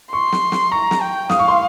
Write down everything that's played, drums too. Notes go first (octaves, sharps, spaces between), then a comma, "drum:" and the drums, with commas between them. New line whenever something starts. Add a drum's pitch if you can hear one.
C6 C#6
drum: snare
drum: snare
A#5 C#6
drum: snare
G5
F5 D#6, drum: snare
C#6
C6